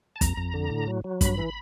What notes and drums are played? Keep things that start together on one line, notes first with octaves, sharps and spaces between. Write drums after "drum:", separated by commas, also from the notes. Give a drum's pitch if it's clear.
A5
F2 A#5, drum: kick, hi-hat
F2
D3
A2
F#3
F#3
G2 B5, drum: kick, hi-hat
E3